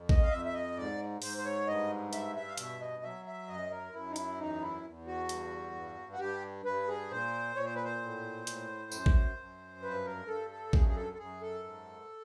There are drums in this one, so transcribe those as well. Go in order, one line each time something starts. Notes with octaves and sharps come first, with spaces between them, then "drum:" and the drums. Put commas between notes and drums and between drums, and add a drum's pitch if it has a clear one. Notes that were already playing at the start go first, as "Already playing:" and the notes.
Already playing: F2
D#5, drum: kick A1
F5
F2 E5
E5
D#5
G#2 D5
G#2 C5, drum: open hi-hat
C5
C#5
G2 D#5
G2 E5, drum: hi-hat
E5
F5
B2 E5, drum: hi-hat
D#5
F#3 E5
E5
F#2 D#5
A#4
F#2 E4
D#4
E4, drum: hi-hat
E2 D#4
E4
E2
F#4
G2, drum: hi-hat
G2
F#4
G2 G4
G2 B4
G#4
A#2 C5
A#2 C#5
C5
B4
C5
A2
A2, drum: hi-hat
F#2, drum: tambourine
drum: kick A1
F#2
G2 B4
A#4
G2 A4
A4
F#2 G#4, drum: kick A1
G#4
A4
A4
F#2 G#4
A4
G#2